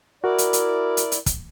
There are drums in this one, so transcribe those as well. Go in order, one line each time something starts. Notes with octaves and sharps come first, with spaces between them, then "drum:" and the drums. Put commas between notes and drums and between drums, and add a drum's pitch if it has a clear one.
E4 F#4 A#4 D5
drum: hi-hat
drum: hi-hat
drum: hi-hat
drum: hi-hat
drum: kick, hi-hat